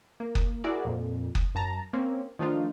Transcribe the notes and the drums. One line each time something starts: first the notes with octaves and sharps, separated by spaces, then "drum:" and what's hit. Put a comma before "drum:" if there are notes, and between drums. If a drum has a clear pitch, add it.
A#3
drum: kick F#1
E4 F#4 G#4 A#4 D5
F2 A#2
drum: kick F#1
F#2 A5 A#5
A#3 C4 C#4
D#3 F3 A3 D4 D#4 F4